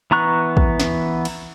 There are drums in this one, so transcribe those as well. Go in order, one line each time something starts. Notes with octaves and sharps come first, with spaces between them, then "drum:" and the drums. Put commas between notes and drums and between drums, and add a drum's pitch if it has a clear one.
E3 B3 A#5 C#6 F#6
drum: kick
drum: snare
drum: cymbal